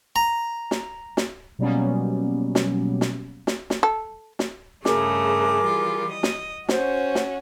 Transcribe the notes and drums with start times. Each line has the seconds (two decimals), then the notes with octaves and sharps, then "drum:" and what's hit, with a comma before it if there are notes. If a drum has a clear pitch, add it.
0.16 A#5
0.71 drum: snare
1.17 drum: snare
1.59 B2 F#3 G3 A#3 B3 C#4
2.55 drum: snare
3.01 drum: snare
3.47 drum: snare
3.70 drum: snare
3.83 A4
4.39 drum: snare
4.85 G2 C#3 A3 G#4 A#4 D6, drum: snare
5.64 E3 G3 F4
6.12 D#5
6.23 drum: snare
6.69 C#4 F#4 C5, drum: snare
7.15 drum: snare